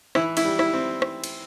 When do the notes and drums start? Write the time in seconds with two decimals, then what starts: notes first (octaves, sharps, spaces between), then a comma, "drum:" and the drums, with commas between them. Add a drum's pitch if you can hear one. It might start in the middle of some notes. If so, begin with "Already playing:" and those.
0.15 E3 E4 E5, drum: rim click
0.37 E4 E5, drum: cymbal
0.44 G3
0.59 E4 E5, drum: rim click
0.73 C4
1.02 drum: rim click
1.24 drum: cymbal